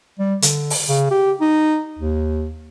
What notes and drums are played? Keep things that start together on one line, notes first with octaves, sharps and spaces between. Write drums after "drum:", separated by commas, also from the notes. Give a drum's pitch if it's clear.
G3
D3, drum: hi-hat
drum: open hi-hat
C#3
G4
D#4
D#2